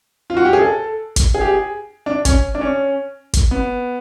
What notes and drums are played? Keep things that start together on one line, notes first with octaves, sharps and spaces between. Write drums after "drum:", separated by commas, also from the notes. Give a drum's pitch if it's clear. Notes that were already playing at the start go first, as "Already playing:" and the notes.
F4
F#4
G4
G#4
A4
drum: kick, hi-hat
G#4
G4
G#4
D4
C#4, drum: kick, hi-hat
D4
C#4
drum: kick, hi-hat
B3